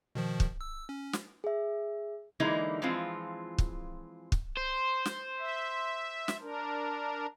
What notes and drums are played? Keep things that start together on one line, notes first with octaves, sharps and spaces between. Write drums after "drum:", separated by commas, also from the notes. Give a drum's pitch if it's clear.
B2 D#3 F3
drum: kick
E6
C#4
drum: snare
G#4 E5
D3 E3 G#3 A#3 D#4 E4
E3 F3 G#3 C4 F4
drum: kick
drum: kick
C5
drum: snare
E5
drum: snare
D4 A#4